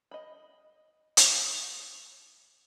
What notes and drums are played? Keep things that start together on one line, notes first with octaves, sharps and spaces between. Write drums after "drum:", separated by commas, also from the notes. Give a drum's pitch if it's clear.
D#5 B5
drum: hi-hat